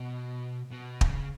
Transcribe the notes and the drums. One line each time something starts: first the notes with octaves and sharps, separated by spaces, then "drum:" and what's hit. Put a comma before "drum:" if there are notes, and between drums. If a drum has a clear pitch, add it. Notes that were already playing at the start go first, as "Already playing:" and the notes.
Already playing: B2
B2
C#3, drum: kick